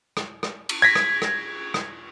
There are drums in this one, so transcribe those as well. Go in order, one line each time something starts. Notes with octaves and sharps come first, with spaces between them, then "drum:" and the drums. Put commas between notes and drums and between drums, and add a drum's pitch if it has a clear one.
drum: rim click
drum: rim click
drum: cymbal
G#6 A#6 B6
drum: rim click
drum: rim click
drum: rim click